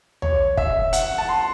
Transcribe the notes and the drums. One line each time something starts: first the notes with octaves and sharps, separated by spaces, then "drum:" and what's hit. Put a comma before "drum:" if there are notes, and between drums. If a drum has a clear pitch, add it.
C#5, drum: tom
E5, drum: kick
F#5, drum: hi-hat
A5
C6